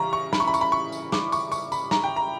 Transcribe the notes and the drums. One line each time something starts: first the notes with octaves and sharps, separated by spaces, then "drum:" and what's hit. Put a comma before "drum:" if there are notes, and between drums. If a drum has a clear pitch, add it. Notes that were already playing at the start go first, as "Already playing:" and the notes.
Already playing: C#3 E3 G3 A#5 C#6
C#6
B5, drum: snare
C#6
B5
C#6, drum: tambourine
B5
C#6
drum: tambourine
D6, drum: snare
C#6, drum: tambourine
C#6, drum: tambourine
B5, drum: tambourine
A#5, drum: snare
G5
A#5